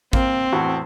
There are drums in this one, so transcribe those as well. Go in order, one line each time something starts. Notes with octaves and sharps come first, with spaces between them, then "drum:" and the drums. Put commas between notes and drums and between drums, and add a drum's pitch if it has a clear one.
A#3 C4, drum: kick
E2 A2 F#4